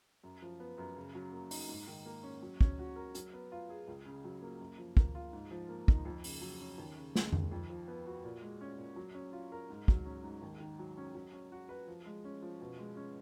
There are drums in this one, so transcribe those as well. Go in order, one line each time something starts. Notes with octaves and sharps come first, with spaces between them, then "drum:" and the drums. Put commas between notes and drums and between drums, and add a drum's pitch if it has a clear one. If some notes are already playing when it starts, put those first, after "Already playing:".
F#2
F3
B3
F#2
C#3
F#3
A#3
D#4, drum: open hi-hat
G#2
D#3
A#3
C#4
F#3
C#4, drum: kick
F#4
A#4
F#3, drum: hi-hat
B3
F4
G#4
C#2
C#3
F#3
A#3
F#2
F3
A#3, drum: kick
F4
G#2
F3
A#3
D#4, drum: kick
F2
C#3, drum: open hi-hat
F#3
C#4
D#2
C#3
G#3, drum: snare
D#2, drum: tom F2
F2
F3
B3
F#4
A#2
G#3
C#4
A#2
F#3
C#4
F4
A#4
G#2
F#3, drum: kick
C#4
G#2
D#2
D#3
F#3
C#4
F#3
C#4
F#4
B4
F3
G#3
C#4
F3
B2
G#3
C#4